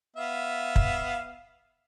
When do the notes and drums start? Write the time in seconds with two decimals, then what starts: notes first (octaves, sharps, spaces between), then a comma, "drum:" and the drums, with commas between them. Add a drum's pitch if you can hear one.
0.16 B3 E5 F5
0.76 drum: kick